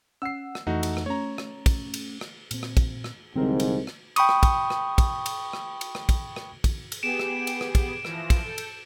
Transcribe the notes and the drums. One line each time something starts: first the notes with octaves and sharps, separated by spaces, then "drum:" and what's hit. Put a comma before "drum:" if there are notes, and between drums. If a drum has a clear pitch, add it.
C#4 F#5 E6 C7
drum: rim click
F2 E3 A3 D#4 F#4
drum: cymbal
drum: rim click
A3 C#4 C#5 A#5
drum: rim click
drum: kick, cymbal
drum: cymbal
drum: rim click
A#2 C4, drum: cymbal
drum: rim click
drum: kick, cymbal
drum: rim click
C2 G#2 D3 F3 F#3 C4 A#4 C5
drum: cymbal
drum: rim click
G5 B5 C#6 D#6, drum: cymbal
drum: rim click
drum: kick, cymbal
drum: rim click
drum: kick, cymbal
drum: cymbal
drum: rim click
drum: cymbal
drum: rim click
drum: kick, cymbal
drum: rim click
drum: kick, cymbal
drum: cymbal
B3 G4 G#4 D7 E7
drum: rim click
drum: cymbal
drum: rim click
drum: kick, cymbal
E3 F3 A#6, drum: rim click
drum: kick, cymbal
A4 G6
drum: cymbal